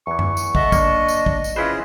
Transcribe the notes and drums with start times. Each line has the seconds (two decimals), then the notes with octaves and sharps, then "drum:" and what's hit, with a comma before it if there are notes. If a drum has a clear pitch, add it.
0.07 E2 E3 C#6
0.19 drum: tom F#2
0.37 drum: tambourine
0.55 A4 D#5 E5 F#5, drum: kick
0.72 A#3 D4, drum: kick, tambourine
1.08 drum: tambourine
1.26 drum: kick
1.44 drum: tambourine
1.56 C#4 E4 F4 G#4 B4 C5